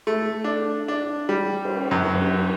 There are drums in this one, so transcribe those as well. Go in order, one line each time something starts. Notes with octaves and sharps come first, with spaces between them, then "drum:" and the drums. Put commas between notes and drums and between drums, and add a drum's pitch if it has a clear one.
A3
D4
D4
G3
drum: cymbal
F#2